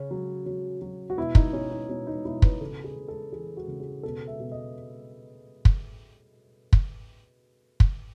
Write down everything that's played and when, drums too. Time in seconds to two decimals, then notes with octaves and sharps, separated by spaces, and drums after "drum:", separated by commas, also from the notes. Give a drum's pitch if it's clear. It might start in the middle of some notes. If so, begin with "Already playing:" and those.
Already playing: C#3 C#4
0.11 F#3
0.46 F#3
0.82 F#3
1.10 F#4
1.17 B2 E4
1.35 D#4, drum: kick
1.53 B2 C#4
1.71 D#4
1.89 B2 C#4
2.07 D#4
2.25 B2 E4
2.42 B4, drum: kick
2.61 C#3 A4
2.84 G#4
2.96 C#3
3.08 A4
3.32 E3 G#4
3.57 F#4
3.68 C#3
3.80 G#4
4.03 B2 A4
4.27 E5
4.40 B2
4.52 D#5
5.65 drum: kick
6.73 drum: kick
7.80 drum: kick